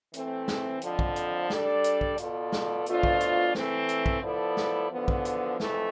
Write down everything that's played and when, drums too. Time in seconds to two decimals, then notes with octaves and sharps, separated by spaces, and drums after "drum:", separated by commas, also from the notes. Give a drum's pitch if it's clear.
0.14 E3 A3 C4, drum: hi-hat
0.48 drum: snare
0.81 F2 D3 F3, drum: hi-hat
0.99 drum: kick
1.16 drum: hi-hat
1.50 G3 D4 A4 D5, drum: snare
1.84 drum: hi-hat
2.01 drum: kick
2.18 B2 B3 F4 A4 D5, drum: hi-hat
2.52 drum: snare
2.86 B2 A3 D4 F4 C5, drum: hi-hat
3.03 drum: kick
3.21 drum: hi-hat
3.55 E3 A3 C4, drum: snare
3.89 drum: hi-hat
4.06 drum: kick
4.22 F3 B3 E4 A4 D5
4.57 drum: snare
4.91 E2 D3 F3 B3
5.08 drum: kick
5.25 drum: hi-hat
5.60 F2 E3 A3, drum: snare